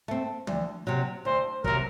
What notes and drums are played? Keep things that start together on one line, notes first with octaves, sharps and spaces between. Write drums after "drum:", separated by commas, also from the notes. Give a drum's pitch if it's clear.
A3 C4
D2, drum: tom
C3 F#3
D2 C5
C3 F#3 A#4, drum: kick